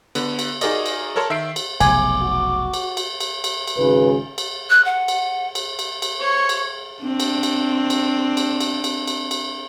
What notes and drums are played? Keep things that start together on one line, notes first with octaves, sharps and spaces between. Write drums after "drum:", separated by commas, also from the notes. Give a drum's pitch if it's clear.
D3 B3, drum: cymbal
drum: cymbal
D#4 F#4 G#4 A#4 D5 D#5, drum: cymbal
drum: cymbal
A4 A#4 C#5 A5 C6
D#3 E5 B6 C7 D7
drum: cymbal
F1 B1 G#5 D6, drum: cymbal
F#4
drum: cymbal
drum: cymbal
drum: cymbal
drum: cymbal
drum: cymbal
G#1 C#3 B4
drum: cymbal
F#6
F#5
drum: cymbal
drum: cymbal
drum: cymbal
drum: cymbal
C5 C#5 C#6
drum: cymbal
C4 D4
drum: cymbal
drum: cymbal
drum: cymbal
drum: cymbal
drum: cymbal
drum: cymbal
drum: cymbal
drum: cymbal